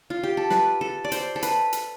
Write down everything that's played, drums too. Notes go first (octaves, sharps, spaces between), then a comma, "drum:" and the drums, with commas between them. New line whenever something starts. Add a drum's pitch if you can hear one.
F4
G4
A4
B4, drum: snare
A4
D5
C5, drum: hi-hat
A4
B4, drum: hi-hat
drum: hi-hat